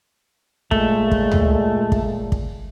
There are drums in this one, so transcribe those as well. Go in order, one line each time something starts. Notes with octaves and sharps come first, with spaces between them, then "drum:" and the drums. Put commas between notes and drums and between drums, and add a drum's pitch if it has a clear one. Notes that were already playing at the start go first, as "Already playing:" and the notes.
A#2 G#3 A3, drum: kick
drum: kick
drum: tom
drum: kick
drum: kick